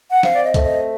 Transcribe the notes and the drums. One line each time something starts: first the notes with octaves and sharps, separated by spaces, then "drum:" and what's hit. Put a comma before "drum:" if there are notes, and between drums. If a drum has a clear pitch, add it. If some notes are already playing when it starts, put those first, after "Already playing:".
F#5
C4 F5, drum: snare
D5
D#5
A3, drum: kick, hi-hat
D#5